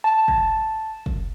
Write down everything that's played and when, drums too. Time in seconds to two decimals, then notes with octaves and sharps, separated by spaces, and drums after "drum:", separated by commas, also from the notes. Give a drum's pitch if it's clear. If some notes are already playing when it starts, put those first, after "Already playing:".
0.04 A5
0.28 drum: kick
1.06 drum: kick